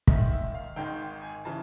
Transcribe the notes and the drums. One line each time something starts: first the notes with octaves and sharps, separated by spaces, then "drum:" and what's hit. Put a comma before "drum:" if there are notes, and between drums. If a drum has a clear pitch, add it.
G#1 G#2 D#3 G#3 E5, drum: kick
E5
F5
G#1 G#2 D#3 G#3 G5
G#5
C#3 E3 A5